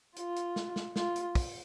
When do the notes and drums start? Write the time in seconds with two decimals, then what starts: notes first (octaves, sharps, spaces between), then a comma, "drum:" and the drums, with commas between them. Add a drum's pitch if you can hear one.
0.16 F4, drum: hi-hat
0.36 drum: hi-hat
0.56 drum: snare
0.76 drum: snare
0.96 F4, drum: snare
1.16 drum: hi-hat
1.35 drum: kick, open hi-hat